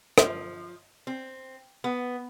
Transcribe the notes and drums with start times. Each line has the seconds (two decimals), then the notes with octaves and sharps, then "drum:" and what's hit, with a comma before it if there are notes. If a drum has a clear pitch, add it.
0.18 F3, drum: rim click
1.07 C4
1.84 B3